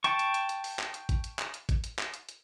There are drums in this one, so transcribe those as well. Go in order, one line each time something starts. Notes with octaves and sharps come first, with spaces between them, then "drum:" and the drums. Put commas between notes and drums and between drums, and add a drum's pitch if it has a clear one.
G5 A5 C#6, drum: hi-hat
drum: hi-hat
drum: hi-hat
drum: hi-hat
drum: open hi-hat
drum: clap
drum: hi-hat
drum: kick G#1, hi-hat
drum: hi-hat
drum: clap
drum: hi-hat
drum: kick G#1, hi-hat
drum: hi-hat
drum: clap
drum: hi-hat
drum: hi-hat